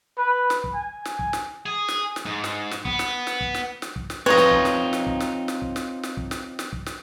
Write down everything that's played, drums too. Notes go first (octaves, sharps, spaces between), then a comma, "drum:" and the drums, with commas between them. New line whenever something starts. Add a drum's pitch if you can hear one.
B4
drum: snare
drum: kick
G#5
drum: snare
drum: kick
drum: snare
G#4
drum: snare
drum: snare
G#2
drum: snare
drum: snare
B3, drum: kick
drum: snare
drum: snare
drum: kick
drum: snare
drum: snare
drum: kick
drum: snare
C4 D#4 F4 B4 C#5 D#5
drum: snare
drum: kick
drum: snare
drum: snare
drum: kick
drum: snare
drum: snare
drum: kick
drum: snare
drum: snare
drum: kick
drum: snare
drum: snare
drum: kick
drum: snare